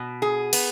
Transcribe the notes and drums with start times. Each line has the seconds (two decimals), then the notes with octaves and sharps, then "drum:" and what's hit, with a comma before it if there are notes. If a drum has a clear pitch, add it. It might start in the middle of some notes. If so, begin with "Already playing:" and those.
Already playing: B2
0.22 G#4
0.53 B3, drum: cymbal